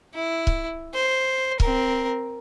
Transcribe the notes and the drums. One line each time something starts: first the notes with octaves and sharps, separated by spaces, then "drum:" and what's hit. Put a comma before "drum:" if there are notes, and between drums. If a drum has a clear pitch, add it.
E4
drum: kick C#1
C5
C4 A#4, drum: kick C#1